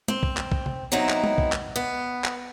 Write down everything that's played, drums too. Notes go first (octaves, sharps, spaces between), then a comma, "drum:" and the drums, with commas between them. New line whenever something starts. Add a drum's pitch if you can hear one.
C4, drum: tom
drum: kick
drum: clap
drum: kick
drum: tom C3
F#3 B3 C4 D#4 E4
drum: clap
drum: tom
drum: kick
drum: clap
B3
drum: clap